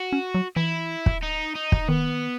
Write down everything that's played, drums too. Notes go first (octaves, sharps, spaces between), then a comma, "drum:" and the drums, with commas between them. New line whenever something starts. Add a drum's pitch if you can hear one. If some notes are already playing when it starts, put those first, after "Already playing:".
Already playing: F#4
C#4
F#3
E3 E4
drum: kick
D#4
D#4
drum: kick
D#3 B3